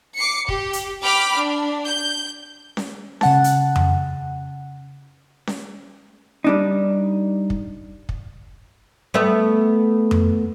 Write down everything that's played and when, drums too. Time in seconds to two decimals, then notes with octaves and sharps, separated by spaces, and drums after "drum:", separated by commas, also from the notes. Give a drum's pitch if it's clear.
0.17 D6 C7 C#7
0.48 G4, drum: kick
0.73 drum: hi-hat
1.03 G5 B5 D6 F6 B6 D7
1.37 D4
1.86 G6
2.77 drum: snare C#4
3.21 C#3 F#5 A5, drum: snare C#4
3.44 drum: hi-hat
3.76 drum: tom F2
5.47 drum: snare C#4
6.44 G3 D4 D#4
7.50 drum: kick
8.09 drum: kick
9.14 A3 B3 E5
10.11 drum: tom F2